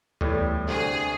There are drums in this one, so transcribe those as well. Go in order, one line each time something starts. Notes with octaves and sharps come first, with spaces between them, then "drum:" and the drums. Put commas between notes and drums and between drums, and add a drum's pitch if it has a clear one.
E2 A2 G3, drum: tom D2
D2 C3 G#4